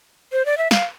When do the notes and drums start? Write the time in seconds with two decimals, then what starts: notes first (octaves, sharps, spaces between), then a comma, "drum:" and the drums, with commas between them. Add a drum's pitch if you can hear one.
0.32 C5
0.46 D5
0.58 E5
0.71 F5, drum: snare